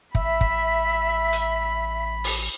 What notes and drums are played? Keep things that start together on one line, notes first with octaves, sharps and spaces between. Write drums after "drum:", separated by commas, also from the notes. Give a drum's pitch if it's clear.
A1 E5 B5, drum: kick
drum: kick
drum: hi-hat
drum: open hi-hat